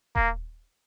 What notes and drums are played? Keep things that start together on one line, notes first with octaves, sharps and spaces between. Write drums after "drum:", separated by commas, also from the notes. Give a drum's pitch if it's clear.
A#3, drum: kick D#1